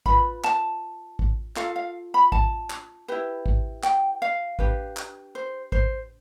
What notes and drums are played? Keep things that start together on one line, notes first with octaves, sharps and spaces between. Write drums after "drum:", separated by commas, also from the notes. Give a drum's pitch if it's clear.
F4 B4 B5, drum: kick A1
A5, drum: clap
drum: kick A1
F4 A4 F5, drum: clap
F5
B5
A5, drum: kick A1
drum: clap
E4 G4 B4
drum: kick A1
G5, drum: clap
F5
D4 G4 B4, drum: kick A1
drum: clap
C5
C5, drum: kick A1